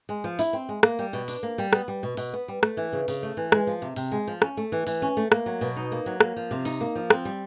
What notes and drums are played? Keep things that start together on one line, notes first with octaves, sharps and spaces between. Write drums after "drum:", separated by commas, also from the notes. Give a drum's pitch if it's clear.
G#3
F3
E4, drum: open hi-hat
C4
G#3
A#3, drum: rim click
G3
B2
D4, drum: open hi-hat
A#3
G3
B3, drum: rim click
G3
B2
B2, drum: open hi-hat
B3
G3
A3, drum: rim click
E3
C#3
C#3, drum: open hi-hat
A3
E3
G#3, drum: rim click
F3
C3
C3, drum: open hi-hat
G#3
F3
C#4, drum: rim click
A3
E3
E3, drum: open hi-hat
C#4
A3
A#3, drum: rim click
F#3
B2
D#4
A#3
F#3
A#3, drum: rim click
F3
C3
D#4, drum: open hi-hat
A#3
F3
C4, drum: rim click
G3